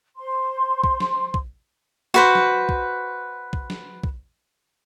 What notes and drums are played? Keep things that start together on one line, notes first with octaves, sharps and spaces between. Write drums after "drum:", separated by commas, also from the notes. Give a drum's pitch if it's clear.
C5 C6
drum: kick B1
drum: snare
drum: kick B1
F#4 B4 C5
drum: snare
drum: kick B1
drum: kick B1
drum: snare
drum: kick B1